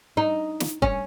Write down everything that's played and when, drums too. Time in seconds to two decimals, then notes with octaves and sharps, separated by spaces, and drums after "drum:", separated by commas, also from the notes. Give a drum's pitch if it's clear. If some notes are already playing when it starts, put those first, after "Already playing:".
0.17 D#4
0.60 drum: snare
0.82 C#4, drum: kick F1